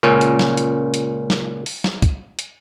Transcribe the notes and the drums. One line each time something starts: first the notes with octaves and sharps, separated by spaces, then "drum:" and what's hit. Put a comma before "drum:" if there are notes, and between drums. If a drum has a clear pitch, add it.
C#2 A#2 C#4
drum: hi-hat
drum: snare
drum: hi-hat
drum: hi-hat
drum: snare
drum: open hi-hat
drum: snare
drum: kick, hi-hat
drum: hi-hat